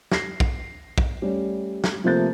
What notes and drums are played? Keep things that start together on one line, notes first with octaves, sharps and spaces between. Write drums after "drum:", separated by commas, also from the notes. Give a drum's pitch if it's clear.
A#6 C7, drum: snare
drum: kick
drum: kick
G3 A3 C#4
drum: snare
C3 F3 A3 A#3 G6 A6